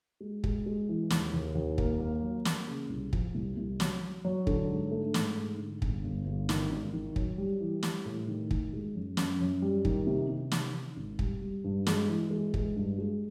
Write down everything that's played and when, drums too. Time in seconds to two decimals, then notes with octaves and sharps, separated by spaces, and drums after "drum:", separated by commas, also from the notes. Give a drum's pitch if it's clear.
0.21 G#3
0.44 G#3, drum: kick
0.66 G#3
0.89 E3
1.10 D#2, drum: snare
1.33 D#2
1.55 D#2
1.78 A#3, drum: kick
2.00 A#3
2.22 F#3
2.45 A#3, drum: snare
2.68 C#3
2.90 C2
3.13 F3, drum: kick
3.34 C2
3.57 C2
3.80 F#3, drum: snare
4.02 F#3
4.25 F#3
4.47 D3, drum: kick
4.69 G#2
4.91 A3
5.14 G#2, drum: snare
5.36 G#2
5.58 D3
5.82 G1, drum: kick
6.04 G1
6.26 G1
6.49 D#3, drum: snare
6.71 G#1
6.93 D#3
7.16 F#3, drum: kick
7.38 G3
7.60 E3
7.83 G3, drum: snare
8.05 A2
8.28 D#3
8.51 D#3, drum: kick
8.73 G#3
8.95 F#2
9.17 F#2, drum: snare
9.40 F#2
9.62 G3
9.85 D#3, drum: kick
10.07 C3
10.29 C3
10.52 D#3, drum: snare
10.75 D#3
10.97 G#1
11.19 G3, drum: kick
11.41 G3
11.64 G2
11.87 G#3, drum: snare
12.09 E3
12.31 G#3
12.54 G#3, drum: kick
12.76 G2
12.98 G#3